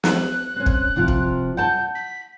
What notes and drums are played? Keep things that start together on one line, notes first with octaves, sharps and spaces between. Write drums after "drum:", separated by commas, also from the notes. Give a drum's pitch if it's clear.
F#6, drum: snare
C4 C#4
drum: kick
C3 F3 F4
drum: kick
F#5 A5 G6
B6